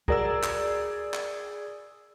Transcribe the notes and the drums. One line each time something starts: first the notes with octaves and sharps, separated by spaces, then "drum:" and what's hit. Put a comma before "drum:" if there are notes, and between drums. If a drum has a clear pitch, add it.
F#4 G#4 A#4 D5 E6, drum: kick
drum: clap
drum: clap